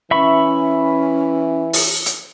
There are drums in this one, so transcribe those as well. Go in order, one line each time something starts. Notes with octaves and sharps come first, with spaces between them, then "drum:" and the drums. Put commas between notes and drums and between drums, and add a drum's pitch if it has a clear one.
E3 C#4 E5 B5 C#6
drum: open hi-hat
drum: hi-hat